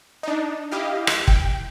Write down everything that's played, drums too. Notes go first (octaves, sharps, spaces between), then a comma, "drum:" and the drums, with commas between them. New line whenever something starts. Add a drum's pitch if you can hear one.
D4 D#4
E4 G4 D#5 F5
drum: rim click
G5, drum: kick